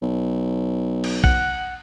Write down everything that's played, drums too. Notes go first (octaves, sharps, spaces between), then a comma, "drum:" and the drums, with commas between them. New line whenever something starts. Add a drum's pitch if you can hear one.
B1
drum: cymbal
F#5, drum: kick A#1